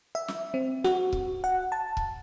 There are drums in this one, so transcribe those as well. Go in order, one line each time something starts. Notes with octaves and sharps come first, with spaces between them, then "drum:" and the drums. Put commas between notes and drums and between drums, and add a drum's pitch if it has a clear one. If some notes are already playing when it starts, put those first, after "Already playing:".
E5
drum: snare
C4
F#4, drum: snare
drum: kick
F#5
A5
drum: kick